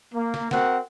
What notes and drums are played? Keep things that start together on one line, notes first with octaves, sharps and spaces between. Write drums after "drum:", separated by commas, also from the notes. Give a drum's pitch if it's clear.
A#3
drum: snare
C4 F#4 A#4 F#5, drum: snare